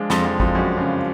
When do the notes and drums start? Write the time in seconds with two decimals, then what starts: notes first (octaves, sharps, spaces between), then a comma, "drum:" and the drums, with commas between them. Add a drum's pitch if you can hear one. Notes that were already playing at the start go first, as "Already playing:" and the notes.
Already playing: F3 G#3 D4
0.10 F2, drum: snare
0.25 F2
0.40 F2, drum: kick
0.55 F#2
0.77 C#3